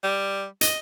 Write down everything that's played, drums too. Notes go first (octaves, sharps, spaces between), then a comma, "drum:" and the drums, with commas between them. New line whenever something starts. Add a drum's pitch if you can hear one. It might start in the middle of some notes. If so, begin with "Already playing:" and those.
G3
D#5, drum: hi-hat